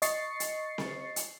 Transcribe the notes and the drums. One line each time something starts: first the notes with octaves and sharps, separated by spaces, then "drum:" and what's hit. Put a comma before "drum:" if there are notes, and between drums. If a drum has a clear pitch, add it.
D#5 C#6 A6 C7 C#7, drum: hi-hat
drum: hi-hat
drum: snare C4
drum: hi-hat